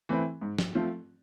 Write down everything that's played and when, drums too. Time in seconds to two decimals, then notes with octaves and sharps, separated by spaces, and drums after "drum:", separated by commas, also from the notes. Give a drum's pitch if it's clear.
0.09 E3 A3 C4 E4
0.42 G#2
0.59 drum: snare
0.75 F3 A3 C4 F4